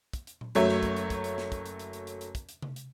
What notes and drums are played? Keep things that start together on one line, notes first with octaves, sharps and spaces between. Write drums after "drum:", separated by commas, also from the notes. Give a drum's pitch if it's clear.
drum: kick, hi-hat
drum: hi-hat
drum: tom A#2
F#1 F#3 A3 C#5 E5, drum: hi-hat
drum: snare
drum: kick, hi-hat
drum: hi-hat
drum: kick, hi-hat
drum: hi-hat
drum: snare
drum: kick, hi-hat
drum: hi-hat
drum: hi-hat
drum: hi-hat
drum: hi-hat
drum: hi-hat
drum: kick, hi-hat
drum: hi-hat
drum: tom C3
drum: hi-hat